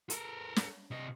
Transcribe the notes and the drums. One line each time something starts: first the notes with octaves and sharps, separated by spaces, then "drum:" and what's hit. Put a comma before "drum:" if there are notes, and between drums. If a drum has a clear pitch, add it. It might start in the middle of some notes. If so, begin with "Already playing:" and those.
A4 A#4, drum: hi-hat
drum: snare
C3 D#5